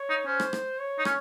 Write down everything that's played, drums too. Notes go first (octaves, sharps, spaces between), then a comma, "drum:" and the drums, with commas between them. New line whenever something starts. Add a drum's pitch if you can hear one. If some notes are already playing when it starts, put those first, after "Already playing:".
Already playing: C#5
D#4
C#4 C5
drum: rim click
drum: rim click
C#5
D#4
C#4, drum: rim click